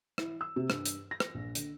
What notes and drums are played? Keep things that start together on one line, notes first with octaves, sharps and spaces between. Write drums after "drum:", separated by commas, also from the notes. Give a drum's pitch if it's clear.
E4, drum: rim click
E6
C3
G2, drum: rim click
drum: hi-hat
A#6
drum: rim click
A#1
D3, drum: hi-hat